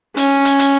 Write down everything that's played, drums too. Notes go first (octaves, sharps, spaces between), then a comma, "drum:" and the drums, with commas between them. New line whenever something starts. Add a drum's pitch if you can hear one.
C#4, drum: hi-hat
drum: hi-hat
drum: hi-hat